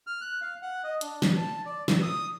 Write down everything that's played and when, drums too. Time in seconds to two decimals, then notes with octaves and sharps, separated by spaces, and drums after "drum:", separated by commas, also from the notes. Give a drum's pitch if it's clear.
0.07 F6
0.21 F#6
0.41 F5
0.62 F#5
0.84 D#5
1.01 D4, drum: hi-hat
1.22 drum: snare
1.37 A5
1.66 D5
1.88 E6, drum: snare
2.02 D#6